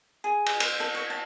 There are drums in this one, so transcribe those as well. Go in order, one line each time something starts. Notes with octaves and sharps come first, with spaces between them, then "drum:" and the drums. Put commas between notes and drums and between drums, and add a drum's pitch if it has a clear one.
G#4
drum: cymbal
C5, drum: cymbal
A4
C#5
A5